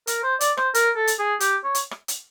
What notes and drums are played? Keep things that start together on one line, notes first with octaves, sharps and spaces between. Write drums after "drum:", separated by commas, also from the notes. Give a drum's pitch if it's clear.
A#4, drum: hi-hat
C5
D5, drum: hi-hat
C5, drum: rim click
A#4, drum: hi-hat
A4
drum: hi-hat
G#4
G4, drum: hi-hat
C#5
drum: hi-hat
drum: rim click
drum: hi-hat